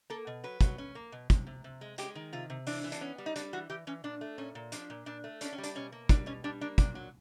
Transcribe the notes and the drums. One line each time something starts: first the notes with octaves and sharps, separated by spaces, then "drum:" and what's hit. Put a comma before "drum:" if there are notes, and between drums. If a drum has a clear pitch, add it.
A#3 A4
B2
F#3 B4
F#3, drum: kick, hi-hat
C#4
A#3
B2
C3, drum: kick, hi-hat
C3
C3
G#3
G#3 G4, drum: hi-hat
D#3
C3 F4
C3
E3 D4, drum: open hi-hat
E3
D4, drum: hi-hat
B3 C#4
G3
D#4
G3 D4, drum: hi-hat
E3 F#4
E3 G4
E3 C#4
A#2 D4
A3
A#2 C#4
A#2
F3 D4, drum: hi-hat
A#2
A#2 D4
A3
C#4 D4, drum: hi-hat
C#4
G3
D4, drum: hi-hat
B2 C#4
A#3
G3 D4, drum: kick, hi-hat
B2 C#4
G3 D4
A#3 D4
A#2 D4, drum: kick, hi-hat
F#3